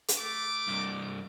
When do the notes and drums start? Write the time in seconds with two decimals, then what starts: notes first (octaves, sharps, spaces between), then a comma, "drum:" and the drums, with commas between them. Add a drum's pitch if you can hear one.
0.08 drum: hi-hat
0.18 A3 D6
0.67 C2 G2